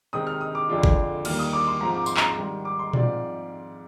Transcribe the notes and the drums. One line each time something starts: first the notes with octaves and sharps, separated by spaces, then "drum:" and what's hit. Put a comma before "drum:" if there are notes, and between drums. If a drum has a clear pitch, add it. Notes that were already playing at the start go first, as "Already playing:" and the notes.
C3 D#3 G#3 C4 D#4 D#6
F6
D#6
D6
F2 D3 G#3 D4 F4
drum: kick G#1
D#2 D#3 G3 A#3 F6, drum: cymbal
D#6
D6
C6
G#2 F3 C4 F4 A#5
D6
C6, drum: tambourine
A#5, drum: clap
C6
G#2 D#3 G3
D6
C6
G#2 F3 G#3 C4 F4 D5, drum: tom A#2